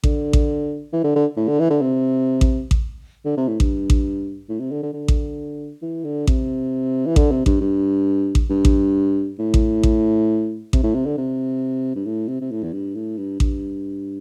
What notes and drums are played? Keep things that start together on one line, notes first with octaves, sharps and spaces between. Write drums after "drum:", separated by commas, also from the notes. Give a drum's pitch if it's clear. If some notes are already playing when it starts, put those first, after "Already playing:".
D3, drum: kick A1
drum: kick A1
E3
D3
D3
A2
D3
E3
D3
C3
drum: kick A1
drum: kick A1
D3
C3
A2
G2, drum: kick A1
drum: kick A1
A2
C3
D3
D3
D3
drum: kick A1
E3
D3
C3, drum: kick A1
E3
D3, drum: kick A1
C3
G2, drum: kick A1
G2
drum: kick A1
G2
drum: kick A1
A2
drum: kick A1
drum: kick A1
C3, drum: kick A1
A2
C3
D3
C3
G2
A2
C3
C3
A2
E2
G2
A2
G2
G2, drum: kick A1